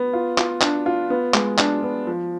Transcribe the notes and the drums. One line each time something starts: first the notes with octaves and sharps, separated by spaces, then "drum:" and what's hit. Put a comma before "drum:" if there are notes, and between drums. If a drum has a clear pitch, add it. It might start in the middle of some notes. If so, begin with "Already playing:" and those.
Already playing: B3
F4
F4, drum: clap
D4, drum: clap
F4
B3
G#3, drum: clap
D4, drum: clap
B3
F3